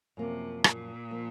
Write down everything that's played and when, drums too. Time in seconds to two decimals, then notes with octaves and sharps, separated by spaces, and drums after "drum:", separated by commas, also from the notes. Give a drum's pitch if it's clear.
0.17 F#2 C3 F3 A#3
0.64 A#2, drum: rim click
1.11 F3 A#3